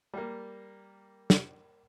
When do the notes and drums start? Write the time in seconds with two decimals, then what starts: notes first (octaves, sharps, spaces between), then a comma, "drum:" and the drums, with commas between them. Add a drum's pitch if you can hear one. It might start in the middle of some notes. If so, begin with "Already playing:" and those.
0.14 G3 A#3
1.30 drum: snare